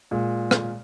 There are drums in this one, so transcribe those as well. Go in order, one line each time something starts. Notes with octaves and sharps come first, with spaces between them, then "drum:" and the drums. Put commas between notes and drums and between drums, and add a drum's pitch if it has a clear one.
A#2 G#3
drum: rim click